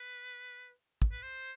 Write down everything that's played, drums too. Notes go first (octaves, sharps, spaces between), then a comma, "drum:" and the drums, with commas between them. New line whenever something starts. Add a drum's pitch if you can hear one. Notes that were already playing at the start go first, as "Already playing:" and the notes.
Already playing: B4
drum: kick
B4
C5